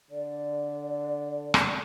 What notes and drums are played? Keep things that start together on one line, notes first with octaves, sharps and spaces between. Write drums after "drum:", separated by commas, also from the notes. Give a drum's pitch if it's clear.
D3 D5
drum: rim click